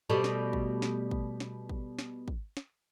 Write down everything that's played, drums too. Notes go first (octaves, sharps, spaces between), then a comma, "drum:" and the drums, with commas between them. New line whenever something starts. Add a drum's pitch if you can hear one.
B2 G3 A3
drum: snare
drum: kick
drum: snare
drum: kick
drum: snare
drum: kick
drum: snare
drum: kick
drum: snare